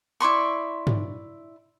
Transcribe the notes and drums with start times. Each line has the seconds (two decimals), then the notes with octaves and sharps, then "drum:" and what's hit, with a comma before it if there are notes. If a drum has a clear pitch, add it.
0.20 E4 D5 C6 C#6
0.87 drum: tom